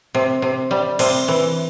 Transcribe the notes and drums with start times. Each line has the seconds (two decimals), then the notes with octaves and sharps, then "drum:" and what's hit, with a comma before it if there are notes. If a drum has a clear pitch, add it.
0.15 C3
0.42 C3
0.71 G3
0.99 C3, drum: cymbal
1.28 E3